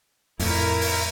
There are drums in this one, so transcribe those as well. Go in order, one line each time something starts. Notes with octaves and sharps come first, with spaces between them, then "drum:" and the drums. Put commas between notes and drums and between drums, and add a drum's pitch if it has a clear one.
F2 A2 E4 A#4, drum: open hi-hat
drum: open hi-hat